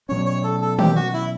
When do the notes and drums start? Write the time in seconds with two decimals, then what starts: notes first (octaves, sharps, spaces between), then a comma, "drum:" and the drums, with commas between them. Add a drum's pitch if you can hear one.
0.09 B2 F#3 C#4 C#5
0.26 C#5
0.44 A4
0.62 A4
0.79 G4, drum: tom
0.96 F#4
1.13 E4